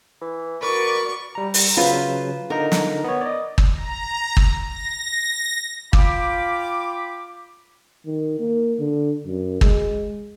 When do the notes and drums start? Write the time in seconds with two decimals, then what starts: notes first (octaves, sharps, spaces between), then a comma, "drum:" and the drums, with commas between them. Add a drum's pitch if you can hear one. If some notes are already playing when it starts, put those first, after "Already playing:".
0.21 E3
0.63 F#4 A#4 B4 D5 C#6
1.35 G3 A#5
1.54 drum: open hi-hat
1.77 C#3 F#3 F4 B4 C5
2.50 D3 D#4 A#4
2.72 drum: snare
3.04 B3 C#5
3.21 D5 D#5
3.58 drum: kick
3.73 A#5
4.37 drum: kick
4.63 A#6
5.93 F4 G5 B5 D6, drum: kick
8.06 D#3
8.40 A#3
8.79 D3
9.26 F#2
9.61 G#3, drum: kick